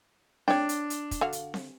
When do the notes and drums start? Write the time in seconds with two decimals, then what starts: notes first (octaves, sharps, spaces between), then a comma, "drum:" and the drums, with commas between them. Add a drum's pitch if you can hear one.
0.48 D4 C#5 G5, drum: snare C4
0.69 drum: hi-hat
0.90 drum: hi-hat
1.11 drum: kick, hi-hat
1.21 D3 F#4 F5
1.33 drum: hi-hat
1.54 drum: snare C4